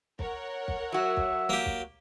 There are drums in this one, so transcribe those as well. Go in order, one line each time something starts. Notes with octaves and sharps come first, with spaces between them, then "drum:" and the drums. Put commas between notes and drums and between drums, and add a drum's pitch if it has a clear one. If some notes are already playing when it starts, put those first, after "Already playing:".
A#4 C#5 F#5, drum: kick
drum: kick
F#3 F#4 E5
drum: kick
A#3 G4
drum: kick